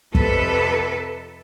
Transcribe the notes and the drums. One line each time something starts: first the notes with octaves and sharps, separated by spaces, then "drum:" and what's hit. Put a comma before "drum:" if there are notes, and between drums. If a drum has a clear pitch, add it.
F2 C3 A4 B4, drum: kick